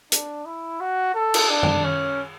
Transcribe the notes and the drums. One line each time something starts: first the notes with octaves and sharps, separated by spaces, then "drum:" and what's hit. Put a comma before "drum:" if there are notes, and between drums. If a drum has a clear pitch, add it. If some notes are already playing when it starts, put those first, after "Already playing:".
D4, drum: hi-hat
E4
F#4
A4
drum: cymbal
D4
drum: tom F#2
C#4